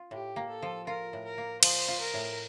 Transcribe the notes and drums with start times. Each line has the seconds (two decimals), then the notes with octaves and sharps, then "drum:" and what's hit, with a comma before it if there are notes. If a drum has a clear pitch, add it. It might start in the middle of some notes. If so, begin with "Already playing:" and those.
Already playing: F4
0.11 A2 G4
0.36 A#3
0.50 A4
0.62 F3
0.87 F4 A#4
1.13 A2
1.26 A#4
1.38 A#3
1.63 F3 C5, drum: cymbal
1.88 F4
2.01 A#4
2.14 A2